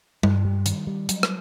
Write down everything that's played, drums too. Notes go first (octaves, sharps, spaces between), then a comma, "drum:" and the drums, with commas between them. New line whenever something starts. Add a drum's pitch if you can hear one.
G2, drum: tom G3
G3
D#3, drum: hi-hat
G3
F#3, drum: hi-hat
drum: rim click